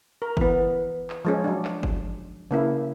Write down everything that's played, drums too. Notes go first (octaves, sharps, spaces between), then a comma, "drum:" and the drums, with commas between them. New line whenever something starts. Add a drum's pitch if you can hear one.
A#4
E3 B3, drum: kick G1
drum: clap
F3 G#3 C#4
F#3 D4
drum: clap
drum: kick G1
C#3 A#3 E4